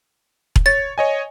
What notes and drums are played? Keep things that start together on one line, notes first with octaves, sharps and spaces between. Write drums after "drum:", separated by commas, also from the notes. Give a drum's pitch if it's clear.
drum: kick E1
C#5 A6
C#5 D#5 G#5